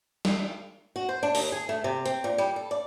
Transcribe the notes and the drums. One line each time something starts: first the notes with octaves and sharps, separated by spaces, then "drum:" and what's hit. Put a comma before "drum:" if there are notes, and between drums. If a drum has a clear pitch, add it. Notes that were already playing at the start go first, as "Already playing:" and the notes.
drum: snare
F#4
C5
D4
D#2, drum: open hi-hat
G#4
A3
C3
C4, drum: hi-hat
A#2
G3
A4
D5